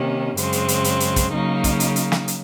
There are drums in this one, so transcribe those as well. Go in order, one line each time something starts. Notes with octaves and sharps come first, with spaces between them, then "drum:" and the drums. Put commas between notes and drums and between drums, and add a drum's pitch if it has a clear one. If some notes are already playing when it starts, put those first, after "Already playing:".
Already playing: C3 D#3 A#3 C#4
F#2 C#3 G#3 C4, drum: hi-hat
drum: hi-hat
drum: hi-hat
drum: hi-hat
drum: hi-hat
drum: kick, hi-hat
C#3 F#3 A#3 D#4
drum: kick, hi-hat
drum: hi-hat
drum: hi-hat
drum: snare
drum: hi-hat